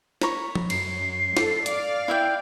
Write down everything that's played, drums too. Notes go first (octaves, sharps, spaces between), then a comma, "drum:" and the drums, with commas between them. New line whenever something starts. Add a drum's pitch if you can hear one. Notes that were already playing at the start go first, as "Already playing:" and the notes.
C#5 A#5 B5, drum: snare
drum: tom
F#2 C7, drum: cymbal
A4, drum: snare
D5 F5, drum: hi-hat
E4 E5 G5